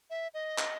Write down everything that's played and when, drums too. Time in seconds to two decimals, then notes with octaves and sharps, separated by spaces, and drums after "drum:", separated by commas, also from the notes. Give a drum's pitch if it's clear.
0.10 E5
0.34 D#5
0.58 drum: clap